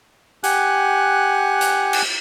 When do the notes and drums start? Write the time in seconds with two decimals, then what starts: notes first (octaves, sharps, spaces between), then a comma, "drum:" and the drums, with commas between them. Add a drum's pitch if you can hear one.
0.44 G4 F#5 G#5 F#6, drum: hi-hat
1.61 drum: hi-hat
1.93 drum: cymbal